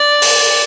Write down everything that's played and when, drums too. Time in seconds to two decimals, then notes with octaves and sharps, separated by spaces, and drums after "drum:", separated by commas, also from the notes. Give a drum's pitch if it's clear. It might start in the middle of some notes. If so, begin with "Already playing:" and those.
Already playing: D5
0.22 drum: open hi-hat